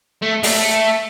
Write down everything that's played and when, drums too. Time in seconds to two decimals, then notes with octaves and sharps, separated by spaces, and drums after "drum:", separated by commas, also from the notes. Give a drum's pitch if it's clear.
0.22 A3
0.43 G#3, drum: open hi-hat
0.46 A3